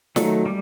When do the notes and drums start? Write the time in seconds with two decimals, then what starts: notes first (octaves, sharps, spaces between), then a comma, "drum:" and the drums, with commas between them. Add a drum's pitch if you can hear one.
0.16 D#3 F#3 A3, drum: snare
0.46 G3